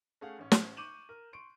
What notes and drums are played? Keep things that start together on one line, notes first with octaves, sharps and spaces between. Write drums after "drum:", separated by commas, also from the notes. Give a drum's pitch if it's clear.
A3 C#4 G#4 F5 F#5
A1 C#4
drum: snare
C#6 D6 G6 D#7 E7 F#7
A#4
C6 C#6 D7